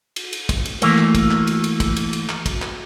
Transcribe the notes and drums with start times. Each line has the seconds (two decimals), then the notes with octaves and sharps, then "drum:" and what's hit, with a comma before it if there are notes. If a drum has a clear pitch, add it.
0.16 drum: cymbal
0.33 drum: cymbal
0.49 drum: kick, cymbal
0.65 drum: cymbal
0.82 E3 A3 A#3, drum: cymbal
0.98 drum: clap
1.15 drum: kick, cymbal
1.31 drum: clap
1.47 drum: cymbal
1.64 drum: cymbal
1.80 drum: kick, cymbal
1.97 drum: cymbal
2.13 drum: cymbal
2.29 drum: clap
2.46 drum: kick, cymbal
2.62 drum: clap